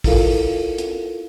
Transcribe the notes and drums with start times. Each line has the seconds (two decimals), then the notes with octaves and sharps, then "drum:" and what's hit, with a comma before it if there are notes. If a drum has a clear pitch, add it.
0.04 E4 F4 A4 A#4 F5, drum: kick, open hi-hat
0.78 drum: hi-hat